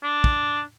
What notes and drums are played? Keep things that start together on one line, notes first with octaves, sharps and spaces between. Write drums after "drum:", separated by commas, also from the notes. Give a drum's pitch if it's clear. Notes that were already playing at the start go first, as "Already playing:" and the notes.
D4
drum: kick